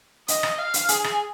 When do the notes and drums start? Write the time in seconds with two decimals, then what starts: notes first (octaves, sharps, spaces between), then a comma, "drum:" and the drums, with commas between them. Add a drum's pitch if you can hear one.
0.28 D#5, drum: hi-hat
0.43 drum: rim click
0.58 F5
0.74 drum: hi-hat
0.88 G#4, drum: hi-hat
1.04 drum: rim click